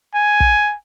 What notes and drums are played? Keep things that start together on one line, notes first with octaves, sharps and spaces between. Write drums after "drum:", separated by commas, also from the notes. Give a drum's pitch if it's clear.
G#5
drum: kick